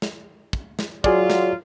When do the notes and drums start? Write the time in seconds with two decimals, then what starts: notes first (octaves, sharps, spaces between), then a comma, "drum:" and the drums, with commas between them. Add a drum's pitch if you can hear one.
0.02 drum: snare
0.53 drum: kick
0.79 drum: snare
1.04 F#3 F4 F#4 G#4 D5, drum: kick
1.30 drum: snare